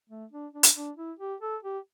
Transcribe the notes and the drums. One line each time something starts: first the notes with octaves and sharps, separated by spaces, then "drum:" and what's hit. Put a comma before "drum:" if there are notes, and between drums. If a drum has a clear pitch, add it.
A3
D4
D4
drum: hi-hat
D4
E4
G4
A4
G4